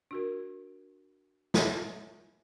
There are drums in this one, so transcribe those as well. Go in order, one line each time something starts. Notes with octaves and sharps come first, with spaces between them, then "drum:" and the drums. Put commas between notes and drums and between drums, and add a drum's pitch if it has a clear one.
D4 F#4 A#4
C#5 D#5 E5 F#5 G#5, drum: snare